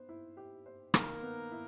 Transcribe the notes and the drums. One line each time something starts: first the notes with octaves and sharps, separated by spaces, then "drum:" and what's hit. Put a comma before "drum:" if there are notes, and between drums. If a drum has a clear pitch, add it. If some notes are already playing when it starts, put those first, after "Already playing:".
Already playing: B3 C5
E4
G4
C5
D#3 A#3 A#4, drum: rim click
B3
E4